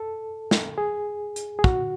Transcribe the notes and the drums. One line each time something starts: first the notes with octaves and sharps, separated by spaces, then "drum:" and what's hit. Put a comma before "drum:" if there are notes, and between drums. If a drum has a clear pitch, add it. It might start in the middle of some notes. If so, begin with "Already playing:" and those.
Already playing: A4
drum: snare
G#4
drum: hi-hat
G#4
F#4, drum: kick